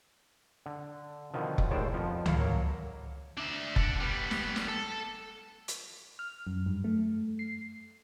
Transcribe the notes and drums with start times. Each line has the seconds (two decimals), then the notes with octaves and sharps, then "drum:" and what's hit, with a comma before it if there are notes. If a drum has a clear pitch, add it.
0.66 D3
1.34 B2 D3 D#3 F3
1.58 drum: kick F1
1.71 D#2 A2 G#3 C5 D5 A5
1.93 F2 F3 B3
2.26 E3 E4 A4 F5, drum: tom C#2
2.38 F#3 A#3
3.38 D4 E5
3.76 A4 F#5, drum: kick F1
4.00 G3 B3
4.31 drum: snare
4.56 drum: snare
4.68 A4
5.68 drum: hi-hat
6.19 F6
6.47 F#2
6.66 G2
6.84 A3
7.39 C7